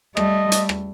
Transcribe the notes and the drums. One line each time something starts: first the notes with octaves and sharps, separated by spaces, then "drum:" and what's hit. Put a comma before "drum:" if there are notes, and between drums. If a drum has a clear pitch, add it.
G3 A3 D#5, drum: rim click
drum: hi-hat
drum: rim click